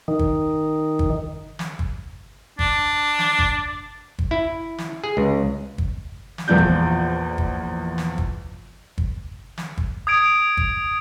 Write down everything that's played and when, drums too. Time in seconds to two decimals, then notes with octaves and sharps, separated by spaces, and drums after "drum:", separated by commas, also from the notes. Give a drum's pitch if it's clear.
0.08 D#3
0.19 drum: kick
0.99 drum: kick
1.59 drum: snare
1.79 drum: kick
2.59 D4, drum: kick
3.19 drum: snare
3.39 drum: kick
4.19 drum: kick
4.31 E4
4.78 drum: snare
5.04 G#4
5.17 C#2
5.78 drum: kick
6.38 drum: snare
6.48 A#1 E2 F3 D5 G6
6.58 drum: kick
7.38 drum: kick
7.98 drum: snare
8.18 drum: kick
8.98 drum: kick
9.58 drum: snare
9.78 drum: kick
10.07 D#6 G#6 D7
10.57 drum: kick